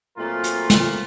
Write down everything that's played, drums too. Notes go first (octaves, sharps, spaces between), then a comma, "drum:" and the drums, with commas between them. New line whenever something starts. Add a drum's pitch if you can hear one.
A#2 F#3 A3 C4 F4 A#4
drum: hi-hat
drum: snare